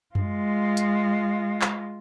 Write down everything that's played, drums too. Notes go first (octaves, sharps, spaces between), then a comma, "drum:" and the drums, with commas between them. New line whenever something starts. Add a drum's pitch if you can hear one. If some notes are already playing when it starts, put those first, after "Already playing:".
G#3 F4, drum: tom F#2
drum: hi-hat
drum: clap